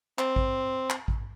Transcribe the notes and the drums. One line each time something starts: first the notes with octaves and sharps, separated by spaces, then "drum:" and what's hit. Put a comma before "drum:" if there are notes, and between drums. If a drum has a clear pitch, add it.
C4, drum: clap
drum: kick A1
drum: clap
drum: kick A1